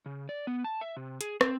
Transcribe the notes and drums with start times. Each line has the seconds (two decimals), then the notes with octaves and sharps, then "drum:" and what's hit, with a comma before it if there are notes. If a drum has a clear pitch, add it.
0.06 C#3
0.29 D5
0.47 B3
0.64 A5
0.81 E5
0.97 C3
1.21 G#4, drum: hi-hat
1.41 C4, drum: rim click